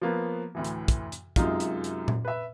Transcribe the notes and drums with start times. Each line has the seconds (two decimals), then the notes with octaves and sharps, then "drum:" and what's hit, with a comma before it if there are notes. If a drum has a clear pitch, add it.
0.01 F3 A#3 B3
0.55 D2 A2 E3
0.64 drum: hi-hat
0.88 drum: kick, hi-hat
1.12 drum: hi-hat
1.36 F#2 C3 G#3 D#4 F4, drum: kick, hi-hat
1.60 drum: hi-hat
1.84 drum: hi-hat
2.08 drum: tom A#2
2.25 B4 E5